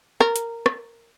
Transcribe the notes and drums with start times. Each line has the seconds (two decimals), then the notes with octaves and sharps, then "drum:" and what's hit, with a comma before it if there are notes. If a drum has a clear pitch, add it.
0.20 A#4, drum: rim click
0.36 drum: hi-hat
0.66 drum: rim click